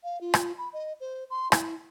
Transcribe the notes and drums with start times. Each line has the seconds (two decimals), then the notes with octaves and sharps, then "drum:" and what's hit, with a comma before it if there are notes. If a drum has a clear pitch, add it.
0.04 F5
0.21 F4
0.34 drum: rim click
0.58 B5
0.73 D#5
1.00 C5
1.30 C6
1.52 E4, drum: rim click